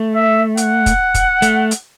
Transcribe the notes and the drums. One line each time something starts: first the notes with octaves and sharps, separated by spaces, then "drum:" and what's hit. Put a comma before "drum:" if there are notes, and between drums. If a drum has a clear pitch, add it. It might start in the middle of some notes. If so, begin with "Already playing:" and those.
Already playing: A3
E5
F#5, drum: hi-hat
drum: kick, hi-hat
drum: kick, hi-hat
A3, drum: hi-hat
drum: hi-hat